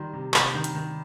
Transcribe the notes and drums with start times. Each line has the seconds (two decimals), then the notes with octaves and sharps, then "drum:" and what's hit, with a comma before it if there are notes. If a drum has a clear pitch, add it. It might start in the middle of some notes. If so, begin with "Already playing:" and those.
Already playing: D#3 G3 C6
0.13 C3
0.34 C3 B5, drum: clap
0.54 D#3
0.64 drum: hi-hat
0.75 D#3